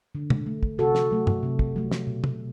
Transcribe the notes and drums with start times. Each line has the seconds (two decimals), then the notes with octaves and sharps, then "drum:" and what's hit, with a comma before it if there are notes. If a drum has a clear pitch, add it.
0.15 D3
0.30 drum: tom B2
0.46 A3
0.63 drum: kick
0.78 C3 F#4 A4
0.95 drum: snare
1.11 F#3 A3
1.27 drum: tom G2
1.43 C3
1.59 drum: kick
1.76 F#3 A3
1.91 drum: snare
2.07 B2
2.24 drum: tom